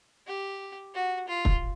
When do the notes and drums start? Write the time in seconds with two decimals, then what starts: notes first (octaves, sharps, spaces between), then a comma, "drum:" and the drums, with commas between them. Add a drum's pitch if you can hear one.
0.27 G4
0.94 F#4
1.28 F4
1.45 drum: kick